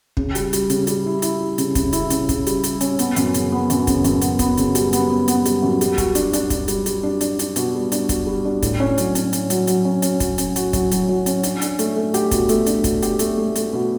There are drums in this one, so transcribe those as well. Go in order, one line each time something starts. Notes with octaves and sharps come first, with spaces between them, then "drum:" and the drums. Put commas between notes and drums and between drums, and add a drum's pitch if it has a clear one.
C#3, drum: kick
G3, drum: hi-hat
G3, drum: hi-hat
C#3, drum: hi-hat
G3, drum: hi-hat
E4
E4, drum: hi-hat
G3
C#3, drum: hi-hat
C#3, drum: kick, hi-hat
E4, drum: hi-hat
C#3, drum: hi-hat
C#3, drum: kick, hi-hat
G3, drum: hi-hat
G3, drum: hi-hat
C#4, drum: hi-hat
B3, drum: hi-hat
F#2, drum: hi-hat
C#3, drum: hi-hat
B3
F#2, drum: hi-hat
C#3, drum: kick, hi-hat
F#2, drum: hi-hat
B3, drum: hi-hat
B3, drum: kick, hi-hat
C#3, drum: hi-hat
G3, drum: hi-hat
B3, drum: hi-hat
B3
B3, drum: hi-hat
G3, drum: hi-hat
F#2
G3, drum: hi-hat
F#4, drum: kick, hi-hat
D4, drum: hi-hat
D4, drum: hi-hat
D4, drum: kick, hi-hat
G3, drum: hi-hat
G3, drum: hi-hat
D4
D4, drum: hi-hat
D4, drum: hi-hat
B2, drum: hi-hat
G3
D4, drum: hi-hat
F#4, drum: kick, hi-hat
G3
D4
A2, drum: kick, hi-hat
C#4
F#3, drum: hi-hat
C#4, drum: hi-hat
C#4, drum: hi-hat
F#3, drum: hi-hat
F#3, drum: hi-hat
C#4
C#4, drum: hi-hat
F#3, drum: kick, hi-hat
C#4, drum: hi-hat
F#4, drum: hi-hat
F#3, drum: kick, hi-hat
F#3, drum: hi-hat
F#3
C#4, drum: hi-hat
D4, drum: hi-hat
D4, drum: hi-hat
A3, drum: hi-hat
A3
G4, drum: hi-hat
B2, drum: kick, hi-hat
A3, drum: hi-hat
D4, drum: hi-hat
B2, drum: kick, hi-hat
G4, drum: hi-hat
A3, drum: hi-hat
A3
A3, drum: hi-hat
B2